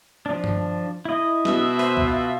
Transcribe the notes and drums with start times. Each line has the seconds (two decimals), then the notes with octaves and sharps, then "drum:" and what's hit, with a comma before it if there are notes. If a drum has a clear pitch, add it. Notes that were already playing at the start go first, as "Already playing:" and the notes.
0.26 F3 D4
0.44 drum: tom G2
1.05 E4 D#5
1.45 B2 E5, drum: snare
1.79 B4 C5, drum: open hi-hat
1.97 drum: kick C2
2.08 F4